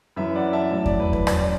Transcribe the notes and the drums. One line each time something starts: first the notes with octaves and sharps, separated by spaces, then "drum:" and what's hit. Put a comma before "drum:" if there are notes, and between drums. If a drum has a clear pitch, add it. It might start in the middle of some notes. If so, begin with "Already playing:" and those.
F#2 E3 B4 E5
D5 F#5
E5 A5
A2 F#3 D5
D5, drum: kick E2
B4
B4, drum: kick E2
F#2 F#3 D5, drum: rim click